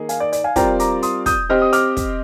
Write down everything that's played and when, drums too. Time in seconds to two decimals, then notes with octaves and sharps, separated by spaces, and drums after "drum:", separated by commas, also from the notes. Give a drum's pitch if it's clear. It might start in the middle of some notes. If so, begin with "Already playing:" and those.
Already playing: D#3 A#3 D#4 G#4
0.09 F5 G#5, drum: hi-hat
0.20 D5
0.33 D5, drum: hi-hat
0.44 F5 G#5
0.56 G3 C4 F4 A#4 D5 G5 A#5, drum: kick, hi-hat
0.79 A#5 D6, drum: hi-hat
1.02 C6 D#6, drum: hi-hat
1.26 D#6 G6, drum: kick, hi-hat
1.49 C4 G4 C5 D#5 F6
1.62 D#6
1.73 D6 F6, drum: hi-hat
1.97 drum: kick, hi-hat